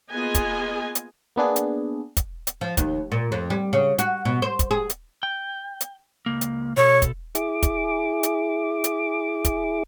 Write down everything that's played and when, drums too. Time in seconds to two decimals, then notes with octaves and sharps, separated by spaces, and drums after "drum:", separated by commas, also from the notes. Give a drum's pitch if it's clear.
0.10 A#3 B3 F4 G#4 D#5 G#5
0.35 drum: kick, hi-hat
0.95 drum: hi-hat
1.36 A#3 B3 D4 G#4
1.56 drum: hi-hat
2.17 drum: kick, hi-hat
2.47 drum: hi-hat
2.61 F3
2.77 D#2, drum: kick, hi-hat
3.12 A#2
3.32 F2
3.50 G3
3.73 C#3
3.98 F#4, drum: hi-hat
4.25 B2
4.42 C5
4.59 drum: kick, hi-hat
4.71 G#4
4.90 drum: hi-hat
5.23 G5
5.81 drum: hi-hat
6.26 C#2 A#3
6.41 drum: hi-hat
6.77 B2 A4 C#5
7.02 drum: kick, hi-hat
7.35 E4 G#4 D6, drum: hi-hat
7.63 drum: kick, hi-hat
8.23 drum: hi-hat
8.84 drum: hi-hat
9.45 drum: kick, hi-hat